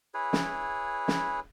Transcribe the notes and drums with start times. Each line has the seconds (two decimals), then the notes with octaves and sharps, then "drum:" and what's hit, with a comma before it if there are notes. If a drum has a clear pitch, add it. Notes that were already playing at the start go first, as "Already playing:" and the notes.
0.14 E4 G#4 B4 C#5
0.33 drum: snare
1.08 drum: snare